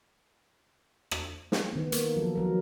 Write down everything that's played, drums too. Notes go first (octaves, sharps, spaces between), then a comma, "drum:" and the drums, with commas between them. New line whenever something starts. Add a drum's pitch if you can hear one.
drum: rim click
drum: snare
D#3 B3
A#3, drum: hi-hat
F3 F#3 A4
F3 F#3 A#4